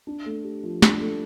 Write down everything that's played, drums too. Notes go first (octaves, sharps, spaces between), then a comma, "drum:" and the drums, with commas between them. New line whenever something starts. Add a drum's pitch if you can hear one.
D4
A3
G4
F3
D4, drum: snare
A3